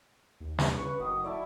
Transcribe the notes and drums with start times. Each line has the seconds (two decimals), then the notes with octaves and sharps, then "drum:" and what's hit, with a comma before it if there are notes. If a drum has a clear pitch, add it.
0.40 D#2
0.59 drum: snare
0.77 C#3 B4 C#6
1.00 F#1 D#3 F#3 D#6
1.24 E4 D5 E5 A5